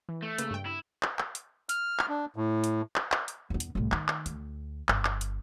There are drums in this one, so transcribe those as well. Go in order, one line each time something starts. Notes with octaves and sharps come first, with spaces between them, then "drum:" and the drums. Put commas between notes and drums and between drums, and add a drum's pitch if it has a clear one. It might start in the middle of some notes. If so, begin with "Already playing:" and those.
E3
A3
C#3 A#3 B4, drum: hi-hat
G2 G5
E4
drum: clap
drum: clap
drum: hi-hat
F6, drum: hi-hat
drum: clap
D4
A2
drum: hi-hat
drum: clap
drum: clap
drum: hi-hat
E2 B3
drum: hi-hat
C2 A2
D#3, drum: clap
drum: clap
D2, drum: hi-hat
G1, drum: clap
drum: clap
drum: hi-hat